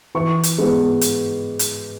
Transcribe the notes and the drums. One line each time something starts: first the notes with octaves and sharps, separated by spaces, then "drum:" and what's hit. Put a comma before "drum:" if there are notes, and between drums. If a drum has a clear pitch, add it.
E3 C#6
drum: hi-hat
G#3 B3
drum: hi-hat
drum: hi-hat